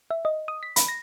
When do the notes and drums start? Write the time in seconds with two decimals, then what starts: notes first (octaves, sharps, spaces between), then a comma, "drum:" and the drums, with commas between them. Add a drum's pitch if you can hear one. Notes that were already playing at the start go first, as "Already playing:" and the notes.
0.11 E5
0.25 D#5
0.48 D#6
0.63 B6
0.76 B5, drum: hi-hat
0.88 A#6